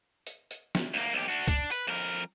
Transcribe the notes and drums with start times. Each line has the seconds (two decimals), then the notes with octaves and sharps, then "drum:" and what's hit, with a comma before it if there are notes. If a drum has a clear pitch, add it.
0.27 drum: hi-hat
0.51 drum: hi-hat
0.75 drum: snare
0.94 D2 A#3
1.13 B1 G4
1.28 D4 F#4
1.48 D4, drum: kick C#2, hi-hat
1.71 B4, drum: hi-hat
1.87 F2 A#4